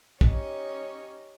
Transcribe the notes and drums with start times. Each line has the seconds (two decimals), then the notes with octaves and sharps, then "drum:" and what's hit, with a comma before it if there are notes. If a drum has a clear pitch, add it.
0.21 C#4 D#4 G4 C#5 D#5, drum: kick